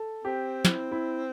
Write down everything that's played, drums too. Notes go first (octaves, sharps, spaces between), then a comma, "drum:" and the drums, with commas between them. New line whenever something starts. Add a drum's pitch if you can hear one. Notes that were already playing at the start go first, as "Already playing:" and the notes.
Already playing: A4
C4 G4
E4, drum: snare
E4